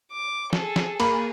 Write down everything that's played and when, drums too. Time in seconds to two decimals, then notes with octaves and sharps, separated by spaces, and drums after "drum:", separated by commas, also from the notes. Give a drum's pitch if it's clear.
0.12 D6
0.53 G#4 A4, drum: snare
0.76 drum: snare
1.00 A#3 G#4 B5, drum: cymbal